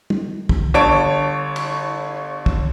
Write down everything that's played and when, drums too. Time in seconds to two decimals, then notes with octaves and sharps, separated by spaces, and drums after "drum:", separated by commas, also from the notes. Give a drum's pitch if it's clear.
0.10 drum: tom
0.49 drum: kick
0.74 G1 C#5 A5 D7
1.56 drum: cymbal
2.46 drum: kick